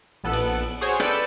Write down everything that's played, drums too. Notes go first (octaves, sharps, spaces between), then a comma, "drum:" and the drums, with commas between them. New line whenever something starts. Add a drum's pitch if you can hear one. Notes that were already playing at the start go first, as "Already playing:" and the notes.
A#1 B3 A4 F#6
drum: cymbal
F#4 G#4 C5 C#5
A4 B4 D5 G5 E6 C#7, drum: rim click